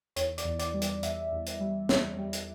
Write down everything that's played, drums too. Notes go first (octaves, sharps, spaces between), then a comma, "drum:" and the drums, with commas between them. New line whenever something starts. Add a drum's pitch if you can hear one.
E2 C#5, drum: hi-hat
D5, drum: hi-hat
E2
D5, drum: hi-hat
G3
D5, drum: hi-hat
E2 E5, drum: hi-hat
E2
drum: hi-hat
G3
E2, drum: snare
G3
drum: hi-hat